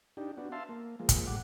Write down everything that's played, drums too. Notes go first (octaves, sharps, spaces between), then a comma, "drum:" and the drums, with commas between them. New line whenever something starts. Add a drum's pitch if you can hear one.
D4 D#4 G4
B3 D4 F#4
E5 F5 A5 C6
A#3
F3 G#3 A#3
drum: kick, hi-hat
A2 G3 F#5 D6